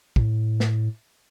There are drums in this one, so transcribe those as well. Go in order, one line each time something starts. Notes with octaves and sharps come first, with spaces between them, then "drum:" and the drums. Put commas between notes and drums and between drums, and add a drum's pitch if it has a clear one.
A2, drum: kick
drum: snare